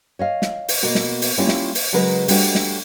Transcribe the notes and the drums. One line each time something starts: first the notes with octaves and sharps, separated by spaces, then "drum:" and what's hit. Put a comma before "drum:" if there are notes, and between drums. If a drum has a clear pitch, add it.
C#5 D#5 F5
drum: snare
drum: open hi-hat
B2 A#3 F#4
drum: snare
drum: open hi-hat
G3 A3 A#3 C#4 E4 F4
drum: snare
drum: open hi-hat
C#3 F#3 G#3 A#4 B4
G3 A3 D4 F#4, drum: open hi-hat
drum: snare